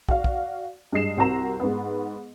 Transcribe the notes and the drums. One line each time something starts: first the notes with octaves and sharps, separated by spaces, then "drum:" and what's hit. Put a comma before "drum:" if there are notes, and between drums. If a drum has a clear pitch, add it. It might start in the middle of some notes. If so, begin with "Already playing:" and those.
F#4 D5 F5, drum: kick
drum: kick
G2 G#3 D#5 C7 E7
C2 C4 F#4 A#4 A#5 E7
G#2 B3